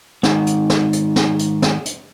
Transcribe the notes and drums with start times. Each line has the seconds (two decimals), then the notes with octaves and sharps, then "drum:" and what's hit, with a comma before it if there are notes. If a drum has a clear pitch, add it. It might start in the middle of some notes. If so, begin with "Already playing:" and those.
0.23 G#2 D#3, drum: snare
0.46 drum: hi-hat
0.70 drum: snare
0.93 drum: hi-hat
1.16 drum: snare
1.39 drum: hi-hat
1.62 drum: snare
1.85 drum: hi-hat